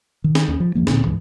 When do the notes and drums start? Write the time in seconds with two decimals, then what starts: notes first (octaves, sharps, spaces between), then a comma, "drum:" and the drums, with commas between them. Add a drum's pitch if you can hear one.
0.24 D#3
0.35 drum: snare
0.48 D#2 C#4
0.60 F3
0.75 E2 G2 F3 A#3
0.87 D1 A#2 D3 C4, drum: snare
1.05 C#2 G#2 E3